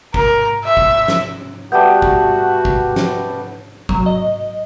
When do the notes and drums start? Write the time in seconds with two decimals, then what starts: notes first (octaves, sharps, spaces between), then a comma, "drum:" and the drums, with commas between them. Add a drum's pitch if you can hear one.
0.14 A#4, drum: kick
0.64 E5
0.77 drum: kick
1.08 drum: snare
1.72 G3 A3 B3 F#4 A5 G6
2.02 drum: kick
2.65 drum: kick
2.96 drum: snare
3.89 F#3, drum: kick
4.06 D#5